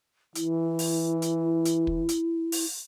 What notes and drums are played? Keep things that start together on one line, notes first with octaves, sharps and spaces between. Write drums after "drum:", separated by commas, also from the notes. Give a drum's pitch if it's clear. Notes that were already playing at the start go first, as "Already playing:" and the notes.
E3 E4, drum: hi-hat
drum: open hi-hat
drum: hi-hat
drum: hi-hat
drum: kick
drum: hi-hat
drum: open hi-hat